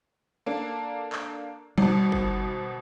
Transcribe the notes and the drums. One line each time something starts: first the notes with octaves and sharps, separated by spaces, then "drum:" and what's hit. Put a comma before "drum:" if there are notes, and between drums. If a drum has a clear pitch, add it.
A#3 D4 A4
drum: clap
G#1 B2 G3
drum: kick G1